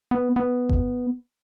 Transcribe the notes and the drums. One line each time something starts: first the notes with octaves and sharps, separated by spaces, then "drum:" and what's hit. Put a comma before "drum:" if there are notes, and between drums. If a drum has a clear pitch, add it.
B3
B3
drum: kick G1